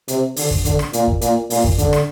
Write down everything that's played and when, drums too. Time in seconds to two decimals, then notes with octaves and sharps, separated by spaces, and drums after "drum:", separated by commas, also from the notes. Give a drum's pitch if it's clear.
0.08 C3, drum: hi-hat
0.36 D3, drum: open hi-hat
0.51 drum: kick
0.65 D3, drum: kick, hi-hat
0.79 drum: rim click
0.93 A#2, drum: hi-hat
1.07 drum: kick
1.21 A#2, drum: hi-hat
1.50 A#2, drum: open hi-hat
1.64 drum: kick
1.78 D3, drum: kick, hi-hat
1.93 drum: rim click